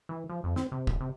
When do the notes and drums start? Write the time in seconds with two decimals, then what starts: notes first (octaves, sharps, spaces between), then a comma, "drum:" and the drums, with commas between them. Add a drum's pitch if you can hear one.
0.09 E3
0.29 F3
0.44 F2
0.56 C4, drum: snare
0.72 C3
0.87 D1, drum: kick
1.00 C3